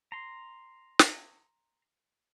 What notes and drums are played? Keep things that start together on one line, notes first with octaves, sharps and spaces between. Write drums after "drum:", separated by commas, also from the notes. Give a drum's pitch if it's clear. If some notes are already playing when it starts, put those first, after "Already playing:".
A#5 C6
drum: snare